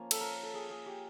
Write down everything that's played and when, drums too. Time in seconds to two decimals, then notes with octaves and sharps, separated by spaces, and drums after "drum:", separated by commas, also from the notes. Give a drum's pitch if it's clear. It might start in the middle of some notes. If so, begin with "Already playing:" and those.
Already playing: F3 A#3 C#4
0.11 A4, drum: cymbal
0.21 A#4
0.43 A4
0.54 G#4
0.70 G#4
0.86 G4